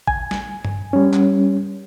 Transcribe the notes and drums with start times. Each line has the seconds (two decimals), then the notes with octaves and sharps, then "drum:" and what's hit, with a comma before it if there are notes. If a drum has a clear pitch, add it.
0.07 G#5, drum: kick G#1
0.31 drum: snare
0.65 drum: tom G2
0.93 G3 C#4
1.14 drum: clap